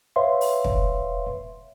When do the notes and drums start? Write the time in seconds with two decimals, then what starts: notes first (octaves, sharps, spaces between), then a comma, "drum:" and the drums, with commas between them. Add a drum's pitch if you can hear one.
0.16 B4 C#5 E5 F5 C6
0.41 drum: open hi-hat
0.64 drum: kick